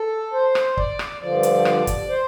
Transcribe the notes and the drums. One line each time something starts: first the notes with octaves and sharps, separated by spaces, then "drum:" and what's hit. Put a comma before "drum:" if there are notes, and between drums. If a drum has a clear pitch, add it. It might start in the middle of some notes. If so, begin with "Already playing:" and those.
Already playing: A4
C5
drum: rim click
D5, drum: kick
drum: rim click
G2 D3 F3 D5
drum: hi-hat
drum: rim click
drum: kick, hi-hat
C5